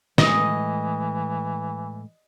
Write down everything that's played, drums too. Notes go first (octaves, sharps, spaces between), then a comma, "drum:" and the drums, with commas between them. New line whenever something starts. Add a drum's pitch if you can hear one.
A2 E3 G#3 A3 D#5, drum: snare